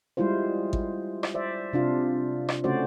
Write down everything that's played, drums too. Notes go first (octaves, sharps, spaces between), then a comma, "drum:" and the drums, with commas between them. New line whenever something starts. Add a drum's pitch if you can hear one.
G3 G#3 E4 F4 C5
drum: kick G#1
drum: rim click
C5 D5 E5
C3 D4 F4
drum: rim click
C#3 A3 C#4 F#4 C5 D5